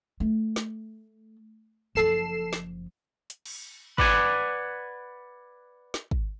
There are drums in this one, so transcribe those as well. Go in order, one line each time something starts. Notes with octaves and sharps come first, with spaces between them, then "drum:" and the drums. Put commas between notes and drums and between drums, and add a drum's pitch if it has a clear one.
A3
drum: snare
F#1 F3 A4 C7 E7
drum: snare
drum: hi-hat
drum: cymbal
B4 D5 F#5 G#5, drum: kick
drum: snare
drum: kick